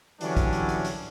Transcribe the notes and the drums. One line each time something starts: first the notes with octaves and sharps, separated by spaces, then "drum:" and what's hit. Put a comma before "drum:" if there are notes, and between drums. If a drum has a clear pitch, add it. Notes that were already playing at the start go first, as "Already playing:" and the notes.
D3 E3 F#3 G3 C#4 D4, drum: hi-hat
drum: kick, hi-hat
drum: hi-hat
drum: hi-hat
drum: hi-hat